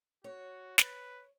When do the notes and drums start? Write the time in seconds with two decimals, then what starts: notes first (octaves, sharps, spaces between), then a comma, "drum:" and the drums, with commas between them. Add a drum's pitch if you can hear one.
0.24 F#4 C#5
0.78 B4, drum: snare